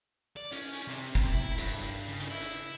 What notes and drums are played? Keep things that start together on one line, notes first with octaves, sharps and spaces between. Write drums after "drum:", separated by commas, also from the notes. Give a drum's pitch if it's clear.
D5
C#4, drum: hi-hat
drum: hi-hat
C3
drum: kick F1, hi-hat
E4
G2, drum: hi-hat
drum: hi-hat
C#3
drum: hi-hat
E4
drum: hi-hat